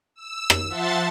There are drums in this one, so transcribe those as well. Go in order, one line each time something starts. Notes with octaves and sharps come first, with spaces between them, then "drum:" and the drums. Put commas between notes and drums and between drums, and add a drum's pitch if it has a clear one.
E6
drum: rim click
F3 E5 F#5 A5 C6 A6